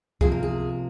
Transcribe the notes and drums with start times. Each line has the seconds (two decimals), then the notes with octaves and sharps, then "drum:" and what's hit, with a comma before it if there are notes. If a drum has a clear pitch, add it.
0.21 C3 F3 A#3 G#4, drum: kick C2
0.32 A#4
0.43 G#4